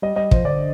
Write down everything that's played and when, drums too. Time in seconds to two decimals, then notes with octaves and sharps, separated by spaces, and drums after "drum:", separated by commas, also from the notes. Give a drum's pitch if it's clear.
0.02 G3 D#5
0.16 G3 D#5
0.31 F3 C5, drum: kick
0.45 D3 D5